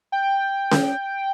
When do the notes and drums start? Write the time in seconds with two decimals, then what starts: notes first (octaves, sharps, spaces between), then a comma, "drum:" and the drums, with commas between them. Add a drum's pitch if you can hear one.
0.12 G5
0.71 drum: snare C#4